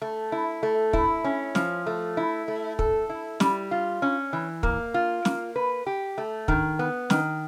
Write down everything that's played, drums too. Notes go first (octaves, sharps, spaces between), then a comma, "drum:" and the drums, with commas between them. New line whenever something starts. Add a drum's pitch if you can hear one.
A3
E4
A3
E4, drum: kick
C#4
F3, drum: snare
A3
E4
A3
A4, drum: kick
E4
G3, drum: snare
F4
C#4
E3
A#3, drum: kick
F4
A#3, drum: snare
B4
G4
A3
D#3, drum: kick
B3
D#3, drum: snare